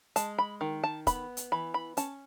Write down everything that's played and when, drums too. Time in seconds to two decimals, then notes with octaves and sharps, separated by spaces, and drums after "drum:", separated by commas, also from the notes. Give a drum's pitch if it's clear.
0.16 G#3 A5, drum: hi-hat
0.38 B5
0.61 D#3
0.84 A5
1.07 B3 B5, drum: kick, hi-hat
1.37 drum: hi-hat
1.52 E3 B5
1.74 B5
1.97 C#4 A5, drum: hi-hat